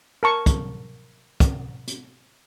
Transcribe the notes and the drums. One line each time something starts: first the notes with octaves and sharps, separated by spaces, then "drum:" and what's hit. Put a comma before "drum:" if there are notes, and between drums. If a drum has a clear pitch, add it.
A#4 A5 C#6
drum: kick, hi-hat
drum: kick, hi-hat
drum: hi-hat